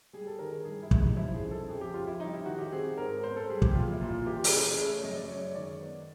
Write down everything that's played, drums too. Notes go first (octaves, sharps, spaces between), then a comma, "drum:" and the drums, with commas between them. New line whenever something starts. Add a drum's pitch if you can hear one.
G3 G#4
A4
D#3 A#4
G#4
G2 G#4
E4
G2, drum: kick
D#4
F3 E4
G#4
C#3
A4
F2 G#4
G4
F2 F4
E4
G3 D#4
E4
D#3 F#4
G4
C4 G#4
G#2 A#4
B3 C5
A4
G3 G#4
G4, drum: kick
A#2 F4
E4
A#2
F4
E3 G4
G#4, drum: open hi-hat
C#3
G#4
A3 G#4
C#5
F#2 D#5
D5
G#3 C#5
D#3 D5
B3